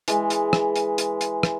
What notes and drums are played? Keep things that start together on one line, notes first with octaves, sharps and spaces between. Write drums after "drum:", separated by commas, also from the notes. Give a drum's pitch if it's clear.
E3 G#3, drum: hi-hat
drum: hi-hat
drum: rim click
drum: hi-hat
drum: hi-hat
drum: hi-hat
drum: rim click